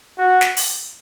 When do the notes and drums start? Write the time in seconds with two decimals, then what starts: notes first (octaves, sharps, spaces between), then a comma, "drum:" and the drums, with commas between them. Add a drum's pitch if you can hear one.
0.18 F#4
0.41 drum: snare
0.57 drum: open hi-hat